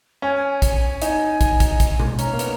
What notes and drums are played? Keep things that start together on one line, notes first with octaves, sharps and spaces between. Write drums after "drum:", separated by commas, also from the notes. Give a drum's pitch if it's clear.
C#4 G#5
G#5
G#5
drum: kick, hi-hat
D#4 G#5, drum: hi-hat
drum: kick, hi-hat
drum: kick, hi-hat
drum: kick, hi-hat
drum: tom B2
C#4 A#5, drum: hi-hat
A#3
B3, drum: hi-hat